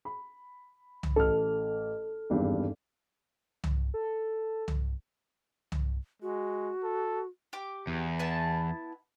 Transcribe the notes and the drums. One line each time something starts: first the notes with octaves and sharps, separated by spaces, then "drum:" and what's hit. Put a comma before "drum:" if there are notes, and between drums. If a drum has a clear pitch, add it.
B5
drum: tom C2
A1 A4 F6
G#1 E2 G2
drum: tom C2
A4
drum: tom C2
drum: tom C2
G#3 F#4
A4
G4 D6
E2
B3 E4 A5